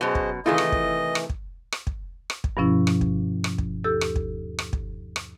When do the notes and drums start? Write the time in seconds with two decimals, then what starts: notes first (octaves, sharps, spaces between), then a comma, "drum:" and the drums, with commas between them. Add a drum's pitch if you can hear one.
0.01 F#2 B2 G#4 C5 D#5
0.15 drum: kick
0.46 C3 D#3 E3 A3 E4 F4 G#4 D#5
0.58 drum: rim click
0.72 drum: kick
1.15 drum: rim click
1.30 drum: kick
1.72 drum: rim click
1.87 drum: kick
2.30 drum: rim click
2.44 drum: kick
2.57 G2 B2 F3 C#4 E4
2.87 drum: rim click
3.01 drum: kick
3.44 drum: rim click
3.58 drum: kick
3.84 D#2 G4 A4 E6 G6
4.01 drum: rim click
4.16 drum: kick
4.59 drum: rim click
4.73 drum: kick
5.16 drum: rim click